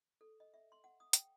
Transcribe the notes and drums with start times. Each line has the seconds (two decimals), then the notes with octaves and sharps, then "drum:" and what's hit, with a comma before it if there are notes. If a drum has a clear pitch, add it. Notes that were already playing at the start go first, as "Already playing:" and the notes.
0.21 A4
0.40 D#5
0.54 E5
0.72 C6
0.84 F#5
1.00 D#6
1.13 G5, drum: hi-hat